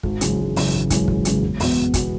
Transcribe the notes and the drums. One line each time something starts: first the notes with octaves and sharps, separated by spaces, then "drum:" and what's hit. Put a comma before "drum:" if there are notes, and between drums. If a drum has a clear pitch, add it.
G#1, drum: kick
F#2 C#3 E3 G#3, drum: hi-hat
G#1
F#2 C#3 E3 G#3, drum: open hi-hat
G#1
F#2 C#3 E3 G#3, drum: kick, hi-hat
G#1, drum: kick
F#2 C#3 E3 G#3, drum: hi-hat
E1
E2 B2 B3, drum: open hi-hat
E1
E2 B2 B3, drum: kick, hi-hat